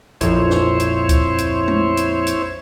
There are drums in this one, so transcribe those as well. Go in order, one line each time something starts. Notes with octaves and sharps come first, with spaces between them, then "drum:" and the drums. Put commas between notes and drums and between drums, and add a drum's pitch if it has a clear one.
A#1 F2 E4 C5 C#5, drum: hi-hat
drum: snare
drum: hi-hat
drum: kick C#2, hi-hat
drum: hi-hat
drum: tom G#3
drum: hi-hat
drum: hi-hat